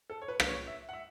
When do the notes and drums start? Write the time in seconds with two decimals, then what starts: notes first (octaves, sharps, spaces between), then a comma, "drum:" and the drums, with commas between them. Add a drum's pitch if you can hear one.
0.10 A4
0.22 C#5
0.28 B4
0.40 B4, drum: rim click
0.49 C#5
0.67 E5
0.89 F#5
0.93 E5